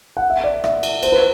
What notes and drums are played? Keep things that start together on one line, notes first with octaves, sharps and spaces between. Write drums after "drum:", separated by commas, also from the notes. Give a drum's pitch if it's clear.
F#5
E5
D5
E5, drum: rim click
drum: cymbal
C5, drum: cymbal
B4